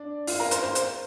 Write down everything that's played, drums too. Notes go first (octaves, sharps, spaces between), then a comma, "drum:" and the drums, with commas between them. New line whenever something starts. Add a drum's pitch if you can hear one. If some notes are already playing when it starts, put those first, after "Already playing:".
Already playing: D4 D5
F4 F5, drum: open hi-hat
A#4 A#5
C5 C6, drum: hi-hat
C5 C6
drum: hi-hat